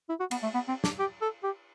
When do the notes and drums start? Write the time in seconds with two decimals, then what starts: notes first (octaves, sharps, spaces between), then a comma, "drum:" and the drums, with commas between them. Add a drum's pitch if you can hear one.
0.09 E4
0.20 F#4
0.31 B3, drum: cymbal
0.43 A3
0.54 B3
0.68 C4
0.84 D4, drum: snare
0.99 G4
1.21 A4
1.43 G4